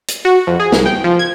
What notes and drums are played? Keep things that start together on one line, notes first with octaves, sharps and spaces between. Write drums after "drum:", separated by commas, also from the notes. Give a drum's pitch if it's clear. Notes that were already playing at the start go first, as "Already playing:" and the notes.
drum: hi-hat
F#4
F2
G#4
C2, drum: snare
G5
F3
G#6